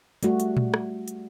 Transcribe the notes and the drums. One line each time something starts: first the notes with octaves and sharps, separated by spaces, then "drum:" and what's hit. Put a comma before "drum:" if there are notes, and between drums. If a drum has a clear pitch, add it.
G3 A3 F#4, drum: hi-hat
drum: hi-hat
drum: tom A#2
drum: rim click
drum: hi-hat